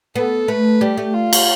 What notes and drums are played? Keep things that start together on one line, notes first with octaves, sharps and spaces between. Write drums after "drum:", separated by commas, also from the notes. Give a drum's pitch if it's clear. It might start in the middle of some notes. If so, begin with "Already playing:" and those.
B3 A4
A3 B4
G3 G4
A3
F4
drum: cymbal